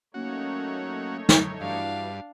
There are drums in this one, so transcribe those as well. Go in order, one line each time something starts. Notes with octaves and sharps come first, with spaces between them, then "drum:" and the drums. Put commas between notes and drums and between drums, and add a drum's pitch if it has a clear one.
F#3 A3 A#3 C#4 D#4 F#4 C#5
drum: snare
G2 E3 D4 E4 F#4 F5